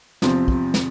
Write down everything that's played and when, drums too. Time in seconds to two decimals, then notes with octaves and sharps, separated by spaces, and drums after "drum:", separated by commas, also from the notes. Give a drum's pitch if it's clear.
0.22 E2 C3 F3 C4, drum: snare
0.48 drum: kick
0.74 drum: snare